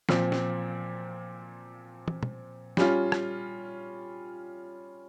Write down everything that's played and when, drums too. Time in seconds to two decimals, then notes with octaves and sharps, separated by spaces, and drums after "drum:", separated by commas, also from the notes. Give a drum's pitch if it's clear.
0.09 A#2 F3 C4, drum: snare
0.32 drum: snare
2.08 drum: tom
2.23 drum: tom
2.77 G3 C#4 F4, drum: snare
3.12 drum: rim click